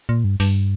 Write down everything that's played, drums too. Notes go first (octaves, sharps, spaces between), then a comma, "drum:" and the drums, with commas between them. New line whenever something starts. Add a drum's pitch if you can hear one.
A#2
G2
G2, drum: open hi-hat